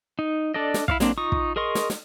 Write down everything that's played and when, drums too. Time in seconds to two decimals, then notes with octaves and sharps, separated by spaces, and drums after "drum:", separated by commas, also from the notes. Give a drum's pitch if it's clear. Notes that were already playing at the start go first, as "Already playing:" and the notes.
0.19 D#4
0.54 D4 A4 D5 D#5
0.74 drum: snare
0.88 E4 C#5 F5, drum: kick
1.00 F#3 A#3 C4 D4, drum: snare
1.18 D#4 F4 C#6 D#6
1.32 drum: kick
1.56 G#4 A#4 D#5 C6 C#6
1.75 drum: snare
1.90 drum: snare